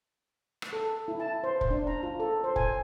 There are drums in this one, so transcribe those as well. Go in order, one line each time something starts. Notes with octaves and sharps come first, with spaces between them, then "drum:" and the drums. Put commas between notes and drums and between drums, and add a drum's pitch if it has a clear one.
drum: rim click
A4
E4
A5
C5
drum: kick
D4
A#5
F4
A4
C5
G#5, drum: kick